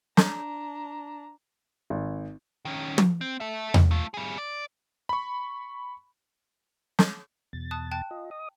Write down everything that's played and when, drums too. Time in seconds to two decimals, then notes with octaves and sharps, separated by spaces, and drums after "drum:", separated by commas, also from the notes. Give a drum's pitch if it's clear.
0.17 D4 A#5, drum: snare
1.90 G#1
2.65 D#3 C#4
2.98 drum: tom
3.21 C4
3.40 A4 E5
3.74 drum: tom E2
3.91 A3 F4
4.14 G3 G#4
4.38 D5
5.09 B5 C#6
6.99 drum: snare
7.53 E2 B2 A6
7.71 A5 D#6 F#6
7.91 G5 A5 F#6
8.11 F4 D#5
8.31 D#5 D#6